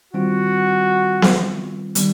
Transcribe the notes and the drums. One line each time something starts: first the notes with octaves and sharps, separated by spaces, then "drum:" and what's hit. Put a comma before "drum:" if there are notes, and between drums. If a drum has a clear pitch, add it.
D#3 G3 C4 F4 F#4
drum: snare B3
D#3 G3 B3, drum: hi-hat